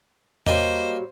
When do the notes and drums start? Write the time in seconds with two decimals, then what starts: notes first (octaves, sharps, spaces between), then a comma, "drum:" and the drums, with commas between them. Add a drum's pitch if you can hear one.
0.47 F#3 G3 A#3 C5 D#5 G5 G#5, drum: tom E2